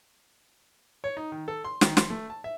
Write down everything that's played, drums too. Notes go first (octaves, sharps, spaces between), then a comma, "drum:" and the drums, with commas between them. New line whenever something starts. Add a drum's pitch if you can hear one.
C#5
D#4
D#3
A4
C6
D#3, drum: snare
C6, drum: snare
A3
A5
E5